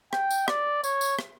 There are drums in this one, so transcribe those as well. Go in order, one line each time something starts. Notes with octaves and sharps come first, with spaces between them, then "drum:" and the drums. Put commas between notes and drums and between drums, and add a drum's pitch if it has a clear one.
G5, drum: rim click
drum: tambourine
D5, drum: rim click
C#5, drum: tambourine
drum: tambourine
drum: rim click